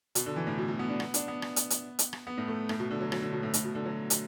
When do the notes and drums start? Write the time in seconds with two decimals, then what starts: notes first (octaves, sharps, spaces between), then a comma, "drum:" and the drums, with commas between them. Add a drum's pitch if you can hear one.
0.15 B2, drum: hi-hat
0.26 D3
0.36 E3
0.47 A2
0.58 B2
0.68 B2
0.79 B3
0.89 D4
1.00 B3, drum: rim click
1.14 D4, drum: hi-hat
1.28 B3
1.42 drum: rim click
1.56 drum: hi-hat
1.70 drum: hi-hat
1.99 drum: hi-hat
2.13 drum: rim click
2.27 B3
2.38 A2
2.48 A3
2.69 A2, drum: rim click
2.80 B2
2.91 D3
3.01 F#3
3.12 F#3, drum: rim click
3.22 D3
3.32 B2
3.43 A2
3.54 A2, drum: hi-hat
3.65 B2
3.75 D3
3.86 F#3
4.10 drum: hi-hat